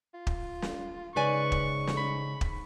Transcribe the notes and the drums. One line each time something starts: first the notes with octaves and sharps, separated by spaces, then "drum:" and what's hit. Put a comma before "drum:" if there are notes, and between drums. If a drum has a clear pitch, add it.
F4
drum: kick
drum: snare
G#2 C#3 B4 D5 G#5 C#6
drum: kick
drum: snare
B5
drum: kick